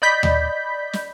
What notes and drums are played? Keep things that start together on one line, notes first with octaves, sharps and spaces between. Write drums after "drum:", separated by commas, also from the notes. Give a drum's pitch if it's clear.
D5 D#5 B5 G6 B6
drum: tom D#2
drum: snare